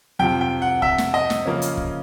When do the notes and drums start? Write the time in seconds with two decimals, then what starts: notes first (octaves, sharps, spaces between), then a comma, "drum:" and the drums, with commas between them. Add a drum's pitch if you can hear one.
0.19 F2 C3 F3 G5
0.41 G5
0.62 F#5
0.82 E5, drum: kick
0.98 drum: snare
1.14 D#5
1.30 drum: snare
1.45 C#3 F3 A#3 C#4
1.62 drum: hi-hat
1.77 drum: kick